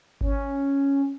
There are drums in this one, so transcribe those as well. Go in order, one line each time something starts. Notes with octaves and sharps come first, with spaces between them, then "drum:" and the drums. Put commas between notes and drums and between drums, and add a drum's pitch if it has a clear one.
C#4, drum: kick G#1